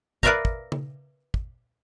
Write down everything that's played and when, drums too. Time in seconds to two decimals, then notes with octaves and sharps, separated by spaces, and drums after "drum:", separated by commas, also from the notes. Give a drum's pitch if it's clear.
0.23 A#4 B4 D5 E5 F5 A#5, drum: kick
0.45 drum: kick
0.72 drum: tom C#3
1.34 drum: kick